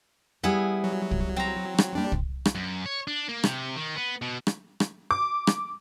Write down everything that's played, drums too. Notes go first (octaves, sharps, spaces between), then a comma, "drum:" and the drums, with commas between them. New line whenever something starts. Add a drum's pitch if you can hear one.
G3 B3 E4 G#4 G5
F#3
drum: kick
C4 A#5
drum: rim click
G3 A#3 D4 G5
drum: kick
drum: rim click
F#2
C#5
D4
A#3
C3, drum: rim click
D#3
B3
B2
drum: rim click
drum: rim click
D6
drum: rim click